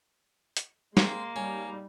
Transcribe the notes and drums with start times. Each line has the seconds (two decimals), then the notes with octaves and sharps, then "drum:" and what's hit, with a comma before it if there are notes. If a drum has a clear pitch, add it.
0.57 drum: hi-hat
0.97 G#3 A#3 C4 C6, drum: snare
1.36 G3 C#4 D#4